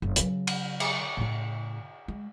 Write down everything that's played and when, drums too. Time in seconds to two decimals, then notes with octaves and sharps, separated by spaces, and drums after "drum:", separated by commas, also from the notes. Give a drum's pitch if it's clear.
0.02 F#1
0.16 C#3 F#3, drum: hi-hat
0.47 drum: cymbal
0.80 drum: cymbal
1.17 A2 C#3
2.08 G#3